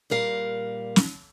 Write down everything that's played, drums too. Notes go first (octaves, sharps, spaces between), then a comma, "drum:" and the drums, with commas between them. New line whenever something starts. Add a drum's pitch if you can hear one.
A#2 G3 A#4 F5
drum: snare